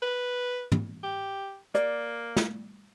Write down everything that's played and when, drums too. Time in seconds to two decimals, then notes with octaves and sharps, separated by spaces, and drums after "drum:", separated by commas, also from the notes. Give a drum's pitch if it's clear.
0.02 B4
0.72 drum: tom
1.03 G4
1.75 A#3 D5, drum: hi-hat
2.36 drum: snare